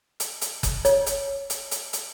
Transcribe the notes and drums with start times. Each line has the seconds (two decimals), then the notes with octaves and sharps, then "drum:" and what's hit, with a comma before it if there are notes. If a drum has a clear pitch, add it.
0.20 drum: hi-hat
0.41 drum: hi-hat
0.63 drum: kick F#1, hi-hat
0.85 C#5, drum: hi-hat
1.06 drum: hi-hat
1.50 drum: hi-hat
1.71 drum: hi-hat
1.93 drum: hi-hat